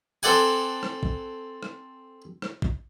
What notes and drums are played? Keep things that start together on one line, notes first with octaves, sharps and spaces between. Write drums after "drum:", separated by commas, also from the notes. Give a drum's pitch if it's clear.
C4 A4 D5 F#5 G#5
drum: rim click
drum: kick
drum: rim click
drum: rim click
drum: kick